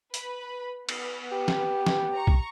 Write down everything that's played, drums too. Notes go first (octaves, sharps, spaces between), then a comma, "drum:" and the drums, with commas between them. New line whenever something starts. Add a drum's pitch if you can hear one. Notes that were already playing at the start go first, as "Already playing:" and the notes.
B4 B5, drum: hi-hat
B3, drum: cymbal
G4
drum: snare
drum: snare
A#5 C#6
drum: kick